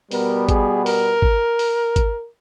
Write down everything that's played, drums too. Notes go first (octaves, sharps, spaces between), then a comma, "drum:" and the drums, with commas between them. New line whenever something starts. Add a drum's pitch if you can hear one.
B2 G3 B3 A#4, drum: open hi-hat
G#4, drum: kick G#1, hi-hat
A#4, drum: open hi-hat
drum: kick G#1
drum: open hi-hat
drum: kick G#1, hi-hat